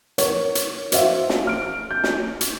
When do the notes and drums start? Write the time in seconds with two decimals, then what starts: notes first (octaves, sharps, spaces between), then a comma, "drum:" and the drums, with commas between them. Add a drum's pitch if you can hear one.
0.18 A#4 C#5, drum: hi-hat
0.55 drum: hi-hat
0.92 F#4 C5 E5 F5, drum: hi-hat
1.29 drum: snare
1.47 F6 D7
1.91 G6
2.04 drum: snare
2.41 drum: hi-hat